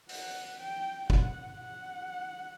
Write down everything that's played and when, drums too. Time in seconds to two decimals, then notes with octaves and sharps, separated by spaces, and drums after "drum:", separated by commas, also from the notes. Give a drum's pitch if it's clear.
0.09 F#5, drum: open hi-hat
0.60 G5
1.10 F#5, drum: kick
1.61 F#5